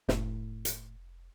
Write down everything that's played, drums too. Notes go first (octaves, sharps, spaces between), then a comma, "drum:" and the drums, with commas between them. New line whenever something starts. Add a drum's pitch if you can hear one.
F1 A2, drum: snare
drum: hi-hat